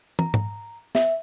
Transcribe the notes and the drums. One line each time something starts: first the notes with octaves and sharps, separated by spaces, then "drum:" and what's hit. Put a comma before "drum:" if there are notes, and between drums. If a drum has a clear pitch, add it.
A#5, drum: tom
drum: tom G#2
E5, drum: snare